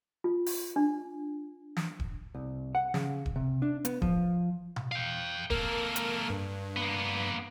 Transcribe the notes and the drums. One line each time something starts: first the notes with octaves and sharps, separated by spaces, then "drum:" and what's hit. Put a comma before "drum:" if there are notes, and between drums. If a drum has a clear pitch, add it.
F4
drum: open hi-hat
D4
drum: snare
drum: kick D#1
C2
F#5
C#3, drum: snare
drum: kick D#1
C3
D4
B3, drum: hi-hat
F3, drum: kick D#1
drum: tom B2
F5 G5
A#3 A4 A#4, drum: kick D#1
drum: hi-hat
G2
A#3 B3